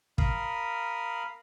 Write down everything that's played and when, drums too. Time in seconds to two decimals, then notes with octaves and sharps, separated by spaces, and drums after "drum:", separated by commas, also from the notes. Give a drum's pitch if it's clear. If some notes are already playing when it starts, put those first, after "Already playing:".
0.18 A#4 F5 B5 D#6, drum: kick